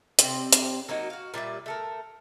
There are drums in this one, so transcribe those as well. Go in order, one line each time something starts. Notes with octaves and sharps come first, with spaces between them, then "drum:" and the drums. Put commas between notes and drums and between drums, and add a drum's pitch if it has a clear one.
C3 G3 C4, drum: hi-hat
drum: hi-hat
F#3 A#3 D#4 F#4
F#4 F5
A#2 G3 D5 E5
A3 A4 A#4